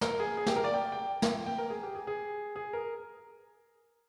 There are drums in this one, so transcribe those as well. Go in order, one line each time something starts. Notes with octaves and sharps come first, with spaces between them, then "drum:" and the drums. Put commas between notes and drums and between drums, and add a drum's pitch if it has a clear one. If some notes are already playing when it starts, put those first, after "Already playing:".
A#4, drum: snare
G#4
G#4
G4, drum: snare
A#4
D5
G5
G5
drum: snare
G5
A#4
G#4
G4
G#4
G#4
G#4
A#4